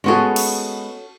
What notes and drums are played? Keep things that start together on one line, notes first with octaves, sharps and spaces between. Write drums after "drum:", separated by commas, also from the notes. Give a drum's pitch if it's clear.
G#3 B3 C#4 F#4 G#4 A4
drum: cymbal